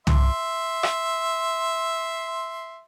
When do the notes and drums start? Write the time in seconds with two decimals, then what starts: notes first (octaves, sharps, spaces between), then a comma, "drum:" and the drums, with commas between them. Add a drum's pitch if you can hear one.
0.07 E5 C6, drum: tom C2
0.83 drum: rim click